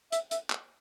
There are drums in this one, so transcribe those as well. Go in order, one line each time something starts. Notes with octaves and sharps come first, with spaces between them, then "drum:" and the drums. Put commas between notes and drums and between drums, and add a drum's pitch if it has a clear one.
E5, drum: hi-hat
E5, drum: hi-hat
drum: clap